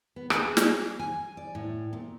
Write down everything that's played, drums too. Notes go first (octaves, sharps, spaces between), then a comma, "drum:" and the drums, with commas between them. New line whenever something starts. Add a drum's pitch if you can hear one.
B3
G#4, drum: rim click
drum: snare
G#5
D5
A2
A#2